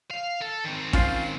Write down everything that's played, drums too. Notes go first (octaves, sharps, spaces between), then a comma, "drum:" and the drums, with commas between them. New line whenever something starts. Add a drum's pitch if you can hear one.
F5
A4
D#3 C4
C#4 F4 C5, drum: kick